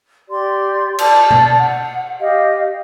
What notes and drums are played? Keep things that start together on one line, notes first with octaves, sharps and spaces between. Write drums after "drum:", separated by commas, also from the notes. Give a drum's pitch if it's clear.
G4 D5 C6
D5 A5, drum: cymbal
drum: tom B2
F#5
G4 D#5 F5